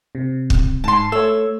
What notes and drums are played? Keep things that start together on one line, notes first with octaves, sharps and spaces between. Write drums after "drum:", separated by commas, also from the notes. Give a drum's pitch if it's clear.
C3
drum: kick
G#2 A5 C6
A3 C#5 E6